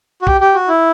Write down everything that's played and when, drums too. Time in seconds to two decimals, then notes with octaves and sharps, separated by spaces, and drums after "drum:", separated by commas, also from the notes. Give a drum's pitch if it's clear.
0.22 F#4
0.27 G4, drum: kick
0.41 G4
0.54 F#4
0.68 E4